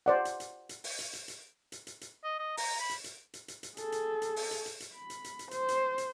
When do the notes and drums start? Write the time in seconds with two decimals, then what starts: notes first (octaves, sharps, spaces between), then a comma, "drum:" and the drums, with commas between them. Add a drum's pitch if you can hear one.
0.06 C5 D5 F#5
0.25 drum: hi-hat
0.40 drum: hi-hat
0.69 drum: hi-hat
0.84 drum: open hi-hat
0.99 drum: hi-hat
1.13 drum: hi-hat
1.28 drum: hi-hat
1.72 drum: hi-hat
1.87 drum: hi-hat
2.01 drum: hi-hat
2.24 D#5
2.39 D#5
2.57 A#5, drum: open hi-hat
2.80 B5
2.89 drum: hi-hat
3.04 drum: hi-hat
3.34 drum: hi-hat
3.48 drum: hi-hat
3.63 drum: hi-hat
3.77 G#4 A4, drum: hi-hat
3.92 drum: hi-hat
4.22 drum: hi-hat
4.36 drum: open hi-hat
4.51 drum: hi-hat
4.66 drum: hi-hat
4.80 drum: hi-hat
4.95 B5
5.10 drum: hi-hat
5.24 drum: hi-hat
5.39 drum: hi-hat
5.51 C5, drum: hi-hat
5.68 drum: hi-hat
5.98 drum: hi-hat